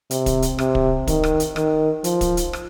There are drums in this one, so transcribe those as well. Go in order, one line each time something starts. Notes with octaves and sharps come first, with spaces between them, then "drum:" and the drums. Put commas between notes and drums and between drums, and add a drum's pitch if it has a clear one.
C3, drum: hi-hat
drum: kick, hi-hat
drum: hi-hat
C3, drum: rim click
drum: kick
D#3, drum: kick, hi-hat
drum: rim click
drum: hi-hat
D#3, drum: rim click
F3, drum: hi-hat
drum: kick, hi-hat
drum: hi-hat
drum: rim click